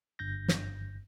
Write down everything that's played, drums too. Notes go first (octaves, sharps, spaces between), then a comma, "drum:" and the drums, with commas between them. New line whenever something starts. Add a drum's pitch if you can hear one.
G1 G2 G6 A#6
drum: snare